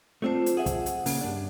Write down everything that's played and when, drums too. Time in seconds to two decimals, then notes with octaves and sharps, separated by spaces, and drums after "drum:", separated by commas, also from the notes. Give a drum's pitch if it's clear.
0.22 A3 C4 D4 F4 C5
0.46 drum: hi-hat
0.57 G#4 E5 F#5
0.66 drum: kick, hi-hat
0.86 drum: hi-hat
1.06 C#3 A#3, drum: open hi-hat
1.21 G2 D4